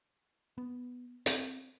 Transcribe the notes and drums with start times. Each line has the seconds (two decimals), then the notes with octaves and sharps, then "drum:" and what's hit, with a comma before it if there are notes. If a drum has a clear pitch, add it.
0.58 B3
1.26 C4, drum: hi-hat